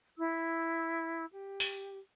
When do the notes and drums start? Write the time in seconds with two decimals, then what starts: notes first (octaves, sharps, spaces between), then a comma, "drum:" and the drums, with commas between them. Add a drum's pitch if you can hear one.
0.17 E4 E6
1.30 G4
1.60 drum: open hi-hat